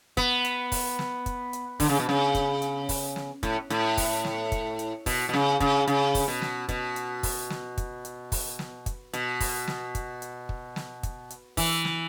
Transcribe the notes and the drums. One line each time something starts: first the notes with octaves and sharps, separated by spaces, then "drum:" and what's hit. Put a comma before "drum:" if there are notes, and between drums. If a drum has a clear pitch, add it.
B3, drum: kick, hi-hat
drum: hi-hat
drum: kick, open hi-hat
drum: snare
drum: kick, hi-hat
drum: hi-hat
D3, drum: kick, open hi-hat
C#3
B2
C#3, drum: snare
drum: kick, hi-hat
drum: hi-hat
drum: kick, open hi-hat
drum: snare
A2, drum: kick, hi-hat
A2, drum: hi-hat
drum: kick, open hi-hat
drum: snare
drum: kick, hi-hat
drum: hi-hat
B2, drum: kick, open hi-hat
B2
C#3, drum: snare
C#3, drum: kick, hi-hat
C#3, drum: hi-hat
drum: kick, open hi-hat
B2
drum: snare
B2, drum: kick, hi-hat
drum: hi-hat
drum: kick, open hi-hat
drum: snare
drum: kick, hi-hat
drum: hi-hat
drum: kick, open hi-hat
drum: snare
drum: kick, hi-hat
B2, drum: hi-hat
drum: kick, open hi-hat
drum: snare
drum: kick, hi-hat
drum: hi-hat
drum: kick
drum: snare
drum: kick, hi-hat
drum: hi-hat
E3, drum: kick, open hi-hat
drum: snare